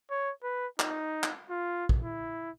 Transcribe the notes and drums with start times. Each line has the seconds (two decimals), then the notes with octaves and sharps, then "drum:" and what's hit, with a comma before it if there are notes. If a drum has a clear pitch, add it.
0.11 C#5
0.43 B4
0.80 D#4, drum: clap
1.23 drum: clap
1.50 F4
1.89 drum: kick
2.03 E4